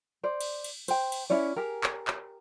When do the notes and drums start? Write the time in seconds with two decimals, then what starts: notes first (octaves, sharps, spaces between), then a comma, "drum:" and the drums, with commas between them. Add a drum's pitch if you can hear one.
0.24 C5 D5
0.41 drum: cymbal
0.64 drum: cymbal
0.88 C5 G5, drum: cymbal
1.12 drum: cymbal
1.30 C#4 E4 C#5 D5
1.56 G4 G#4 A#4
1.84 drum: clap
2.08 drum: clap